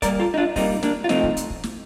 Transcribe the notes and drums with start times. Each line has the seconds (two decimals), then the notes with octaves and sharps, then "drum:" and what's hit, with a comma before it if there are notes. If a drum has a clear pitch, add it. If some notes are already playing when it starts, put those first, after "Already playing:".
0.02 A#2 G3 A#3 A#4 D5, drum: kick, hi-hat
0.20 F4 A4
0.34 D#4
0.37 D4 F4
0.56 A#2 G3 A#3 C4 D#4, drum: kick, open hi-hat
0.83 A#3 D4, drum: snare
1.04 F4
1.09 C3 F3 A3 C4 D#4, drum: snare
1.23 drum: kick
1.37 drum: hi-hat
1.50 drum: kick
1.64 drum: snare